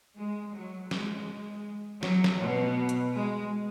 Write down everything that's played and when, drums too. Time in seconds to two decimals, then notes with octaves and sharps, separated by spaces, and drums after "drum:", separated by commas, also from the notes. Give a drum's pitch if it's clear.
0.16 G#3
0.54 F#3
0.91 G#3, drum: snare
2.03 F#3, drum: snare
2.24 drum: snare
2.40 B2
2.89 drum: hi-hat
3.15 G#3